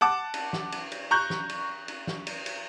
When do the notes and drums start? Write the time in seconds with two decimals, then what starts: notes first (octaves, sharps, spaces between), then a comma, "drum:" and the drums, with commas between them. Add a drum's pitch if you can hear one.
0.01 F#5 A5 D6
0.34 drum: cymbal
0.53 drum: snare
0.72 drum: cymbal
0.92 drum: cymbal
1.11 A#5 C#6 F#6 G6
1.30 drum: snare
1.49 drum: cymbal
1.88 drum: cymbal
2.07 drum: snare
2.27 drum: cymbal
2.46 drum: cymbal